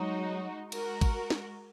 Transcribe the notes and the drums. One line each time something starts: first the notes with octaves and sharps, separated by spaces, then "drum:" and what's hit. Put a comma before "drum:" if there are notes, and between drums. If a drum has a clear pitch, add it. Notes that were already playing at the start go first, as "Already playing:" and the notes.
Already playing: F#3 G#3 D#4 F#4
G#3 F#4 A#4, drum: cymbal
drum: kick G#1, cymbal
drum: snare